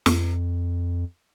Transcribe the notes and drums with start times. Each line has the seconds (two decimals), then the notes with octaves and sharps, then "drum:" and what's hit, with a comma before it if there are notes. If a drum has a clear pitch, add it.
0.06 F2, drum: snare